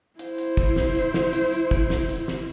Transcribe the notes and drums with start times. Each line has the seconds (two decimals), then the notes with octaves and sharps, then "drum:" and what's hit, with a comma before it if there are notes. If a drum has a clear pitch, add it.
0.19 E4 C5, drum: hi-hat
0.38 drum: hi-hat
0.57 drum: kick, hi-hat
0.76 drum: snare
0.95 drum: hi-hat
1.14 drum: snare
1.33 drum: hi-hat
1.52 drum: hi-hat
1.71 drum: kick, hi-hat
1.90 drum: snare
2.09 drum: hi-hat
2.28 drum: snare